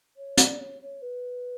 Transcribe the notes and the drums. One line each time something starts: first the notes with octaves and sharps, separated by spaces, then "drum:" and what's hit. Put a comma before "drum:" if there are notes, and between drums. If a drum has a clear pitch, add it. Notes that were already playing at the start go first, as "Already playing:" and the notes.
C#5
D5, drum: hi-hat
C#5
C#5
B4